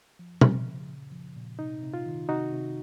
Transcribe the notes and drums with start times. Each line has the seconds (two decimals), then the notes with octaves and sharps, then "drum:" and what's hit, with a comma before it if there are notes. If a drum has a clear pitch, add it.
0.19 F3
0.41 F3, drum: tom
0.66 C#3
0.89 A#2
1.12 F3
1.36 A#2
1.59 C3 D#4
1.82 C3
1.94 F4
2.06 D#3
2.29 C3 D#4 F#4
2.53 C3